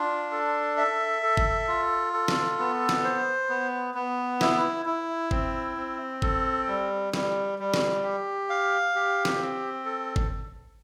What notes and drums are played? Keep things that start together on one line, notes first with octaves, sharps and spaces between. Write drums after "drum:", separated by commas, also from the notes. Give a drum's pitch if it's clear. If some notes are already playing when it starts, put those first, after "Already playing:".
Already playing: D4 F4
A4
E5
A4
drum: kick G1
F4
A4
drum: snare
B3
drum: snare
C5
B3
B3
E4, drum: snare
E4
C4, drum: kick G1
C4
A4, drum: kick G1
G3
G3, drum: snare
G3
drum: snare
G4
F5
G4
drum: snare
C4
A4
drum: kick G1